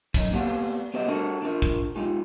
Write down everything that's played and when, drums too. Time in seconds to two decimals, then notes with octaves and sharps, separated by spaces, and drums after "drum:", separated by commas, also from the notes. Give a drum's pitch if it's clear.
0.14 F#2 D#4, drum: kick, cymbal
0.33 A#3 B3 G4 D5 F5
0.94 B3 G4 C5 D#5
1.08 D4 F#4 A4 A#4
1.42 D4 F4 A#4
1.62 drum: kick
1.95 G#3 D#4 F4 G4